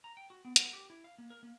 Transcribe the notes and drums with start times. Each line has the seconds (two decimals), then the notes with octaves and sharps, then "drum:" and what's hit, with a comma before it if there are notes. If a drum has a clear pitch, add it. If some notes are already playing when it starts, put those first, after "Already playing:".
0.04 A#5
0.17 G5
0.30 F#4
0.45 B3
0.56 F#5, drum: hi-hat
0.73 G4
0.90 E4
1.04 F5
1.18 A#3
1.30 A#4
1.43 A#3